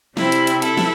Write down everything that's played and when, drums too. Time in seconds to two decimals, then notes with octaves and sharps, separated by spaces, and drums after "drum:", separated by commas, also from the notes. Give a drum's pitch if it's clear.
0.17 C3 G3 C4 E4, drum: snare
0.32 drum: hi-hat
0.47 drum: hi-hat
0.62 E4 A4, drum: hi-hat
0.77 drum: snare